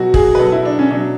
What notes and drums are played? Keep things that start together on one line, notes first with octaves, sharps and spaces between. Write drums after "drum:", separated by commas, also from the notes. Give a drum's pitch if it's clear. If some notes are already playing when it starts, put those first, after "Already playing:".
Already playing: B2 F#3 F#4
G#4, drum: kick
B4
B2 F#3 A4
E4
D4
C#4
B2 F#3 D4